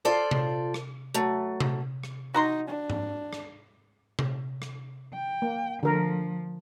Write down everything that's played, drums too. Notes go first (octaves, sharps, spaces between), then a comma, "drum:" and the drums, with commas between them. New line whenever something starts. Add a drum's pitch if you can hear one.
F4 A4 C5 D5
drum: tom C3
drum: rim click
F#3 A3
drum: tom C3
drum: rim click
D#4 F#4 A#5 C6
D4
drum: tom G#2
drum: rim click
drum: tom C3
drum: rim click
G5
A#3
D3 F3 A#4